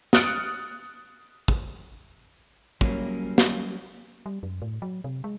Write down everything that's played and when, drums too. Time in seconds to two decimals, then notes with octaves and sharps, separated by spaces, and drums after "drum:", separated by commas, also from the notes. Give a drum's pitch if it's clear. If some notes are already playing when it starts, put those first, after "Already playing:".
0.13 D#6 F6 F#6 A6 C#7 D7, drum: snare
1.48 drum: kick
2.81 F#3 G3 A#3 C#4, drum: kick
3.38 drum: snare
4.26 G3
4.43 F#2
4.62 A2
4.82 F#3
5.04 C3
5.24 G#3